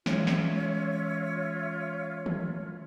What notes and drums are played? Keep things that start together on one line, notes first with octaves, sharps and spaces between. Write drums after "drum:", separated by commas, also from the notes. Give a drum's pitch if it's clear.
E3 G#3 C#4 F4 C#5 E5, drum: snare
drum: snare
drum: tom